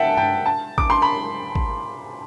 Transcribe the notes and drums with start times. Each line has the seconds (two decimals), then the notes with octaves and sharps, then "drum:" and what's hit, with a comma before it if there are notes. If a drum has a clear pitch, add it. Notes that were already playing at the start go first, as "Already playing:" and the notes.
Already playing: E5 F#5 G5 A5
0.17 G5, drum: tom G2
0.46 A5
0.78 D6, drum: kick
0.90 C6
1.02 B5
1.55 drum: kick